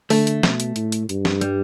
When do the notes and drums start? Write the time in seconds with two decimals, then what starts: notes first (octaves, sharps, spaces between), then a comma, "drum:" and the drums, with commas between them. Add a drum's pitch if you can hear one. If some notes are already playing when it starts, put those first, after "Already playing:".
0.10 D3 A3, drum: open hi-hat
0.27 drum: hi-hat
0.43 B2, drum: snare
0.60 drum: hi-hat
0.76 A2, drum: hi-hat
0.92 drum: hi-hat
1.09 G2, drum: hi-hat
1.25 drum: snare
1.41 G3, drum: hi-hat